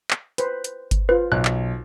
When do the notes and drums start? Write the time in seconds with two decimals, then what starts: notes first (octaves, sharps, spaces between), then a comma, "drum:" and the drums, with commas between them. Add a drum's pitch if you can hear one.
0.11 drum: clap
0.38 B4 C5, drum: hi-hat
0.64 drum: hi-hat
0.91 drum: kick G1, hi-hat
1.09 F4 B4 C5
1.32 B1 F#6
1.45 drum: clap